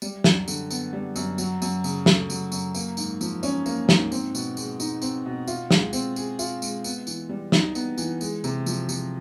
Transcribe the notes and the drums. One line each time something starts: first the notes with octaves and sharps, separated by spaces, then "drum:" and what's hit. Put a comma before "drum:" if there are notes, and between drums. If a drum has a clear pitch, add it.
G3, drum: tambourine
F#2, drum: snare
D3, drum: tambourine
B3, drum: tambourine
G3
F#2, drum: tambourine
F#3, drum: tambourine
F#2, drum: tambourine
C#3, drum: tambourine
A3, drum: snare
F#3, drum: tambourine
F#2, drum: tambourine
A#3, drum: tambourine
G#2, drum: tambourine
F3, drum: tambourine
C#4, drum: tambourine
A#3, drum: tambourine
G#2, drum: snare
C4, drum: tambourine
B2, drum: tambourine
G#3, drum: tambourine
D#4, drum: tambourine
C4, drum: tambourine
B2
F4, drum: tambourine
G#3, drum: snare
C4, drum: tambourine
G#4, drum: tambourine
F4, drum: tambourine
G#3, drum: tambourine
B3, drum: tambourine
E3, drum: tambourine
G3
D#4, drum: snare
B3, drum: tambourine
E3, drum: tambourine
G#3, drum: tambourine
C3, drum: tambourine
F3, drum: tambourine
C3, drum: tambourine